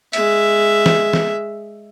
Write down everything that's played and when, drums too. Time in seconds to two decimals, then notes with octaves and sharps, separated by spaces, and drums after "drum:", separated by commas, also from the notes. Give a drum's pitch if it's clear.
0.13 G#3 E5, drum: hi-hat
0.86 drum: snare
1.13 drum: snare